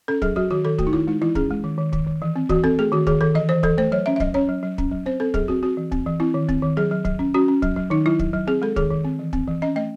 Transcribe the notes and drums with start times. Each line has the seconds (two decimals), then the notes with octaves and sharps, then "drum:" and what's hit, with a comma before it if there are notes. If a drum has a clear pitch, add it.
0.08 C#4 A4
0.22 F#3 G#4, drum: kick
0.36 F#3 F#4
0.51 D#3 F#4
0.65 D#3 A4
0.79 A3 F#4, drum: kick
0.87 D#4
0.93 D#3 E4
1.07 G#3 D#4
1.21 E3 E4
1.35 C#4 G#4, drum: kick
1.51 G#3
1.64 D#3
1.78 D#3
1.93 D#3, drum: kick
2.07 D#3
2.22 E3
2.36 C4
2.49 E3 F#4, drum: kick
2.64 C4 A4
2.79 A3 G#4
2.92 D#3 F#4
3.07 D#3 G#4, drum: kick
3.21 D#3 A4
3.35 E3 D#5
3.49 E3 C5
3.63 E3 A4, drum: kick
3.78 A3 C5
3.92 F#3 C#5
4.06 C#4 E5
4.16 E5
4.20 F#3 D#5, drum: kick
4.34 C#4 C#5
4.49 F#3
4.63 F#3
4.78 C#4, drum: kick
4.91 F#3
5.06 C4 C5
5.20 C4 A4
5.34 F#3 G#4, drum: kick
5.48 C4 F#4
5.63 C4 F#4
5.77 E3
5.92 C4, drum: kick
6.06 E3
6.20 C4 E4
6.34 D#3
6.49 C4, drum: kick
6.62 D#3
6.77 F#3 G#4
6.91 F#3
7.05 F#3, drum: kick
7.19 C#4
7.34 C#4 F#4
7.48 C#4
7.62 F#3, drum: kick
7.76 F#3
7.90 D#3 D#4
8.06 F#3 E4
8.19 F#3, drum: kick
8.33 F#3
8.47 C4 G#4
8.62 G#3 A4
8.76 D#3 G#4, drum: kick
8.90 D#3
9.05 C4
9.19 E3
9.33 C4, drum: kick
9.48 E3
9.62 C#4 D#5
9.76 A3 D#5